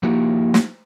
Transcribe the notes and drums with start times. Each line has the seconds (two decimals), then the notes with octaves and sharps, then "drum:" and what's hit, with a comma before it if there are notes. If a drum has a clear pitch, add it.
0.03 F3 A#3 D#4 E4 F#4 G4
0.54 drum: snare